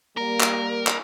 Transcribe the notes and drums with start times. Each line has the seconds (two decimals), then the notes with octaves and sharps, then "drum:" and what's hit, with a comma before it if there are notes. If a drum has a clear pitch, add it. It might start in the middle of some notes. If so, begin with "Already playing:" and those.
0.17 G3 A#3 A#4
0.40 drum: clap
0.87 drum: clap